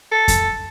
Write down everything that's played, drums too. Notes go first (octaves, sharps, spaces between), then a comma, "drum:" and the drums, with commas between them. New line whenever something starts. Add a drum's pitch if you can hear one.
A4
drum: kick F2, hi-hat